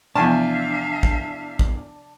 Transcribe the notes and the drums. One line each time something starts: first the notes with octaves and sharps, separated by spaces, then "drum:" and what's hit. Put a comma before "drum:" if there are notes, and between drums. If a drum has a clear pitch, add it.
E2 C3 F3 D4 E5 F5 G#5 A5
drum: kick
drum: kick